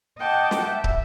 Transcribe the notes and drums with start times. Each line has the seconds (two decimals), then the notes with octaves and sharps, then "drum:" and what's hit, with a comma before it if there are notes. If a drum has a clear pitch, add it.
0.18 D#5 F#5 G5 A5 D6
0.51 drum: snare
0.64 E5
0.84 drum: kick